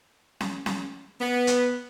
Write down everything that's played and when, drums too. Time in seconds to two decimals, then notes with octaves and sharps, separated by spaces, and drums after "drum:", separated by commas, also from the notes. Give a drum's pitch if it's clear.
0.41 drum: snare C#4
0.66 drum: snare C#4
1.21 B3
1.47 drum: hi-hat